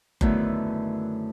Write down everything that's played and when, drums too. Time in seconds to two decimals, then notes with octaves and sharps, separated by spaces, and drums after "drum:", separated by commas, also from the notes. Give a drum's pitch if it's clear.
0.21 F#2 D3 D#3 A3 B3 E4, drum: kick F#1